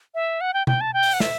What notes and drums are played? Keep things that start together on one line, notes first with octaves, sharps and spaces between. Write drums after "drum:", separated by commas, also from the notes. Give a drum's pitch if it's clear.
E5
F#5
G5
G5, drum: tom B2
A5
G5
drum: open hi-hat
F#5
E5, drum: snare